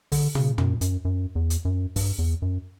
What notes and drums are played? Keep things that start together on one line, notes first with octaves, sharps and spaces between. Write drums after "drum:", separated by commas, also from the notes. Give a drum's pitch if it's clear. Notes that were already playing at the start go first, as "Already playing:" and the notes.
D3, drum: kick, open hi-hat
C#3, drum: tom
F#2, drum: tom
F#2, drum: hi-hat
F#2
E2
drum: hi-hat
F#2
G2, drum: kick, open hi-hat
E2
F#2